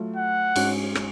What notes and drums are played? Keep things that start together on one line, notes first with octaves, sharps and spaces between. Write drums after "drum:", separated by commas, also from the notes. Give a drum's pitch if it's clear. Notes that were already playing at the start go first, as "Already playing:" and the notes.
Already playing: F#3 A3 F4
F#5
G#2 G#3 C#4 F#4, drum: cymbal
drum: rim click